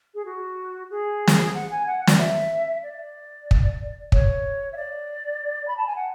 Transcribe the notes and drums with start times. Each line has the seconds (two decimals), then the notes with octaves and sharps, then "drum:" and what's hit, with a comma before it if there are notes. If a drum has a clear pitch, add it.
0.14 G#4
0.25 F#4
0.90 G#4
1.27 drum: snare
1.54 F#5
1.70 G#5
1.86 F#5
2.07 D5, drum: snare
2.18 E5
2.83 D5
3.51 drum: kick
4.12 C#5, drum: kick
4.72 E5
4.76 D5
5.67 B5
5.77 A5
5.86 G#5
5.95 F#5